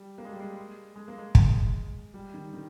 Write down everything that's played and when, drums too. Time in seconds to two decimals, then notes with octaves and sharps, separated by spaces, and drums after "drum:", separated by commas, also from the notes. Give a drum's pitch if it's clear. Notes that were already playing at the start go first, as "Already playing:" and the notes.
Already playing: G3
0.18 A#3
0.25 G#3
0.33 G3
0.40 G#3
0.96 G#3
1.08 A#3
1.18 G#3
1.35 drum: kick
2.14 G3
2.34 D#3
2.53 D#3